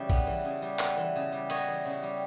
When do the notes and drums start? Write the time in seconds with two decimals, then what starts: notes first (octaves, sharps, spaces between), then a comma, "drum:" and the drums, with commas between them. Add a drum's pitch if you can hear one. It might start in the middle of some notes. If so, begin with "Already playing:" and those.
Already playing: C#3 E3 G3 D5 E5
0.10 B3, drum: kick A#1, cymbal
0.27 E3
0.45 C#3
0.62 G3
0.79 B3, drum: clap
0.98 E3
1.16 C#3
1.32 G3
1.50 B3 C#5 D#5, drum: cymbal
1.68 E3
1.86 C#3
2.03 G3